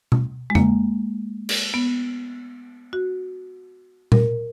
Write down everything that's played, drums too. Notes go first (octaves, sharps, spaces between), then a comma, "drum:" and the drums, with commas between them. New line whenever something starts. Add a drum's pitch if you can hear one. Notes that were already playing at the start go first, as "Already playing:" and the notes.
drum: tom B2
G#3
A#3, drum: tom F2
drum: cymbal
B3
F#4
A#4, drum: tom A#2